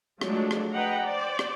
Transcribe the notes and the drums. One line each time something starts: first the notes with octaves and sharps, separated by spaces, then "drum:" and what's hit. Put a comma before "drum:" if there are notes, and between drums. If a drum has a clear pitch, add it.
F3 F#3 G#3 A3 D4, drum: rim click
drum: rim click
B4 D#5 F#5 G5 A#5
C5 D5
drum: rim click